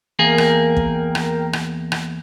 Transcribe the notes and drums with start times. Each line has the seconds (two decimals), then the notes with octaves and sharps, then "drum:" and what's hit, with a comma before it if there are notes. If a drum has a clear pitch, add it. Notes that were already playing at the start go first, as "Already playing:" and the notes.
0.19 E2 A#3 G#4 A#4 G5
0.38 drum: rim click
0.77 drum: kick
1.15 drum: rim click
1.53 drum: rim click
1.92 drum: rim click